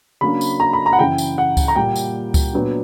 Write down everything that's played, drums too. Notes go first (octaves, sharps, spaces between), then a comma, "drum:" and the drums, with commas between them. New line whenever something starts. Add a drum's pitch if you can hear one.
C#3 F#3 A#3 D4 B5
drum: tambourine
A#5
B5
A#5
F#5
F#2 C#3 E3 G5
drum: tambourine
F#5
drum: kick C#2, tambourine
A#5
A#2 G3 A#3 G5
drum: tambourine
drum: kick C#2, tambourine
A#2 F#3 B3 D4